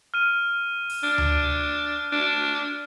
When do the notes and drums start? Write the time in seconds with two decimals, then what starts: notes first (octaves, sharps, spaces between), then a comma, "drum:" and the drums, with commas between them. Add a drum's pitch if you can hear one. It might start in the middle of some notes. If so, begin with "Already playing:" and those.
0.14 F6 D#7
0.90 drum: open hi-hat
1.03 D4 F6
1.18 drum: tom D2
2.13 D4